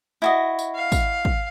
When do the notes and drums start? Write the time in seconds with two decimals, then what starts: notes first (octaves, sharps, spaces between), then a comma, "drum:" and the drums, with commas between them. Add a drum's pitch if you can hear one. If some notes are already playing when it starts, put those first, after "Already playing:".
0.22 E4 F#4 D#5
0.59 drum: tambourine
0.75 F5
0.92 drum: kick, tambourine
1.25 drum: kick